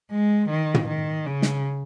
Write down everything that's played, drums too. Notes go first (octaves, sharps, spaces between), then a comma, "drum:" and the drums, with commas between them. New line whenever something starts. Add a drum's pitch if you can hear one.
G#3
D#3
drum: tom
D#3
C#3
drum: snare